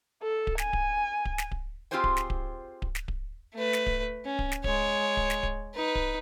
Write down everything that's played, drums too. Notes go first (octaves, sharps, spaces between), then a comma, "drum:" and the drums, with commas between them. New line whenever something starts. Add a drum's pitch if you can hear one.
A4
drum: kick D1
G#5, drum: snare
drum: kick D1
drum: kick D1
drum: snare
drum: kick D1
C4 F4 G4 G#4 C5 G#5
drum: kick D1
drum: snare
drum: kick D1
drum: kick D1
drum: snare
drum: kick D1
A3 B4
drum: snare
drum: kick D1
C#4
drum: kick D1
drum: snare
G#3 C#5, drum: kick D1
drum: kick D1
drum: snare
drum: kick D1
D#4 B4
drum: kick D1